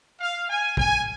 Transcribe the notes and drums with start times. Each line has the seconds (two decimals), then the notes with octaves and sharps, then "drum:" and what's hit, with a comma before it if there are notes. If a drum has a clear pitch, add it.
0.20 F5
0.49 G#5
0.77 G#5, drum: kick